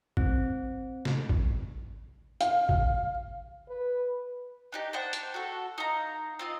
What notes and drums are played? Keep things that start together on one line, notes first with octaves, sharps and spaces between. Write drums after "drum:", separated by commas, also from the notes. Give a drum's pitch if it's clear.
C4, drum: kick
drum: snare
drum: kick
F5, drum: hi-hat
drum: kick
B4
D4 D#4 G4
D4 C5 F#5 G5
drum: hi-hat
F#4 A4
D#4 F5 A#5
C4 F4 D#5